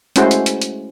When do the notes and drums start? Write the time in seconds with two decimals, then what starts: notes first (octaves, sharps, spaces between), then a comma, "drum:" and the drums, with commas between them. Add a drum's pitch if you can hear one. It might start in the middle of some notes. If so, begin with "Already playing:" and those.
0.16 G#3 A3 C#4 E4 F#4 C5, drum: hi-hat
0.31 drum: hi-hat
0.46 drum: hi-hat
0.62 drum: hi-hat